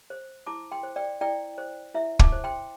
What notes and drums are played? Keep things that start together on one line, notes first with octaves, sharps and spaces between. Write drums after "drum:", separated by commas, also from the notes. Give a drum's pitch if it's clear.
C5
E4 A5 D6
G5 C6
C5
D5 G5
E4 D5 G5
C5
E4 E5
A5 D6, drum: kick
C5
G5 C6